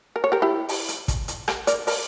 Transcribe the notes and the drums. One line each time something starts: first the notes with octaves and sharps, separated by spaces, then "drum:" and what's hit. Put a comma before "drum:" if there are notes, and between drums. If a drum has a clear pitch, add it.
A#4
C#5
G4 A#4
E4 G4
drum: open hi-hat
drum: hi-hat
drum: kick, hi-hat
drum: hi-hat
G4 A#4, drum: rim click
A#4 D5, drum: hi-hat
A#4 D5, drum: open hi-hat